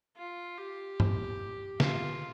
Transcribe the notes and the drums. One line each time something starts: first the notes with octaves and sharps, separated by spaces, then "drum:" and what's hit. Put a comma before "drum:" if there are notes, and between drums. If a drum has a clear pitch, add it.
F4
G4
drum: tom G2
F4, drum: snare